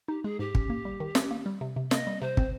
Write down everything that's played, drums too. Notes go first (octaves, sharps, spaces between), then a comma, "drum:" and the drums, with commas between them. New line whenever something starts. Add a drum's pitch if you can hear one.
D#4 G4
G#3 G#4
G#2 G4
C#4, drum: kick
A#3
G3
D#3
C#4, drum: snare
A#3
G3
C3
C3
A#3 D#5, drum: snare
G3
C3 C5
C4, drum: kick